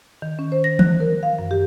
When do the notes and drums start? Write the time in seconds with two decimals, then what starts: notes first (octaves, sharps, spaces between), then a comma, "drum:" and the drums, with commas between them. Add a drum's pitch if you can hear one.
0.22 D#3
0.39 C#4
0.52 C5
0.64 A#6
0.79 F#6, drum: tom E3
1.00 A#4
1.23 F5
1.39 F#2
1.51 G4